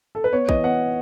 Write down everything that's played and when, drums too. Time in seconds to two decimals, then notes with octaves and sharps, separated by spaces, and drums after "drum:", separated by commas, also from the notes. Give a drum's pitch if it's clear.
0.15 A4
0.24 B4
0.33 B3 C#5
0.49 E3 D#5, drum: kick
0.64 B3 F#5